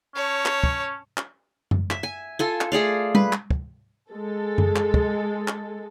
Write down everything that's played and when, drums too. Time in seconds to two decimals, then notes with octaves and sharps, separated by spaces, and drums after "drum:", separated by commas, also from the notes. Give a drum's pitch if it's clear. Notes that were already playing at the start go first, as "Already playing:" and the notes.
0.15 C#4 C#5 A5
0.46 drum: clap
0.64 drum: kick
1.17 drum: clap
1.71 drum: tom F#2
1.91 E5, drum: clap
2.03 G#5
2.39 F4 A4 G#5
2.61 drum: clap
2.72 A3 G#4 D5 F5
3.15 B4, drum: tom G3
3.33 drum: clap
3.51 drum: kick
4.11 G#3 A4
4.58 drum: tom F#2
4.76 drum: clap
4.94 drum: kick
5.48 drum: clap